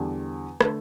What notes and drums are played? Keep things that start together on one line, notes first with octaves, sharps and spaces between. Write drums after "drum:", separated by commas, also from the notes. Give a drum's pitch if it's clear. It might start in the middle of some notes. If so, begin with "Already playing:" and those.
Already playing: E2 D3 G3
D3 A3, drum: rim click